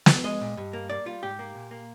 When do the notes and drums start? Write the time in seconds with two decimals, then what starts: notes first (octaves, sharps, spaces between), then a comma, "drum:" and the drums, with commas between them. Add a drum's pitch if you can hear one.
0.06 drum: snare
0.24 G#3 D#5
0.41 A#2
0.57 G2
0.73 A#3
0.90 A#3 D5
1.06 G3 F4
1.23 G#2 G4
1.39 A#3
1.55 A#2
1.71 A#3